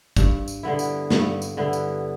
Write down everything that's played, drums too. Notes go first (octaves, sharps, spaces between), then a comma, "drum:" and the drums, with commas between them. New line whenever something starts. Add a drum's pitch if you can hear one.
G2, drum: kick, tambourine
drum: tambourine
D3 B3 E4
drum: tambourine
G2, drum: snare
drum: tambourine
D3 B3 E4
drum: tambourine